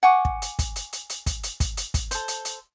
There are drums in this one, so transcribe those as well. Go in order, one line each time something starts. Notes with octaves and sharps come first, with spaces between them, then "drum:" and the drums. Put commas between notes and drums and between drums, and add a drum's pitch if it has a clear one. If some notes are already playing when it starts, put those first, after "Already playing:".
F#5 G#5 C#6 D6
drum: kick
drum: hi-hat
drum: kick, hi-hat
drum: hi-hat
drum: hi-hat
drum: hi-hat
drum: kick, hi-hat
drum: hi-hat
drum: kick, hi-hat
drum: hi-hat
drum: kick, hi-hat
A4 C5, drum: hi-hat
drum: hi-hat
drum: hi-hat